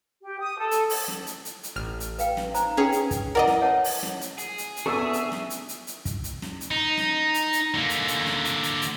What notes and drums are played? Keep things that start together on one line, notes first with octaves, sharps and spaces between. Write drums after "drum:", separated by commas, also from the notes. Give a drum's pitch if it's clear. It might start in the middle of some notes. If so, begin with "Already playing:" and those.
G4
D#6
A4
drum: hi-hat
drum: open hi-hat
drum: snare
drum: hi-hat
drum: hi-hat
drum: hi-hat
A1 F6
drum: hi-hat
B4 F5 G5, drum: hi-hat
drum: snare
D#4 C5 A#5, drum: hi-hat
C#4 G#4 B4 G5
drum: hi-hat
drum: kick, hi-hat
E4 A#4 B4 D5 D#5 F#5
drum: snare
C#5 F#5 A5
drum: open hi-hat
drum: snare
drum: hi-hat
G#4, drum: hi-hat
drum: hi-hat
drum: hi-hat
B3 D4 A4 E5 C#6 D#6 E6
drum: hi-hat
drum: snare
drum: hi-hat
drum: hi-hat
drum: hi-hat
drum: kick, hi-hat
drum: hi-hat
drum: snare
drum: hi-hat
D#4
drum: snare
drum: hi-hat
drum: hi-hat
D3 A#3
drum: hi-hat
drum: hi-hat
drum: snare
drum: hi-hat
drum: hi-hat
drum: hi-hat